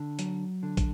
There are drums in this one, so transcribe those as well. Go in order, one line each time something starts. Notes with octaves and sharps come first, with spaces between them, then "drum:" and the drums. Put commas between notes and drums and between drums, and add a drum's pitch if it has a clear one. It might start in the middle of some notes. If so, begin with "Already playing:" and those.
Already playing: D3
F#3, drum: hi-hat
D3
drum: kick, hi-hat